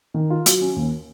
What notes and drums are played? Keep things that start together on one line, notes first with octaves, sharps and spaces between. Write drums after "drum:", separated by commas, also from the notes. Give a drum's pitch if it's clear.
D#3
F4
F#3, drum: hi-hat
C#4
D#2